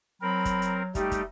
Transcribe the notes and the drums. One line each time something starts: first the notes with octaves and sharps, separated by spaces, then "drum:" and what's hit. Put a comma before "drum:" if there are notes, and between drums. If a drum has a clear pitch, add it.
F#3 C4 A#4 B5
drum: kick, hi-hat
drum: hi-hat
G3 A3 D#4 G4, drum: kick, hi-hat
drum: kick, hi-hat